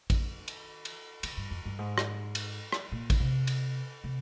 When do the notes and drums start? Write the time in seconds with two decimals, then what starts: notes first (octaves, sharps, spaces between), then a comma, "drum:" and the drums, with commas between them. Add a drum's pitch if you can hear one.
0.10 D#3, drum: kick A1, cymbal
0.48 drum: cymbal
0.85 drum: cymbal
1.23 D3, drum: cymbal
1.37 G2
1.51 F2
1.65 G2
1.79 G#2
1.98 drum: rim click
2.35 drum: cymbal
2.72 drum: rim click
2.92 A#2
3.10 drum: kick A1, cymbal
3.20 C3
3.47 drum: cymbal
4.04 C3